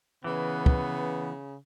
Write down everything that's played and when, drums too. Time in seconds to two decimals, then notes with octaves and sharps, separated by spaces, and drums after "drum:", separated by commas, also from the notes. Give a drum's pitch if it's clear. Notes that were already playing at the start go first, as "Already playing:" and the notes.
0.24 C#3 E3 B3
0.66 drum: kick